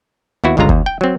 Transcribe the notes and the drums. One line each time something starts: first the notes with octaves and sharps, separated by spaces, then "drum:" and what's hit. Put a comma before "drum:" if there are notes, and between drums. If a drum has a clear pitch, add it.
D#2 B3 E4 F#4
G1 C#2 D3 G#3 F4 A#5
D#2, drum: kick
G5
F#3 C4